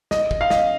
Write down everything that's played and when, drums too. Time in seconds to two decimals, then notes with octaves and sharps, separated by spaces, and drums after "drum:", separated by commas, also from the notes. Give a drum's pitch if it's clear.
0.11 D#5, drum: snare
0.31 drum: kick
0.41 F5
0.50 D#5, drum: snare